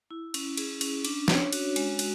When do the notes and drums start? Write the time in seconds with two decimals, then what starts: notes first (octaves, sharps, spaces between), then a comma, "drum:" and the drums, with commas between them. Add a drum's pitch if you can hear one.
0.11 E4
0.34 C#4, drum: cymbal
0.57 G#4, drum: cymbal
0.81 C#4, drum: cymbal
1.05 D4, drum: cymbal
1.28 C#5, drum: snare
1.53 F#4, drum: cymbal
1.76 G#3, drum: cymbal
1.99 F#4, drum: cymbal